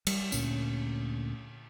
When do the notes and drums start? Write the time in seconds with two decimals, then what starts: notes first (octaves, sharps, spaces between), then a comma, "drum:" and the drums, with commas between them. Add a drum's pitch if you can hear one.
0.07 G3, drum: cymbal
0.32 D2 A#2 C#4, drum: tambourine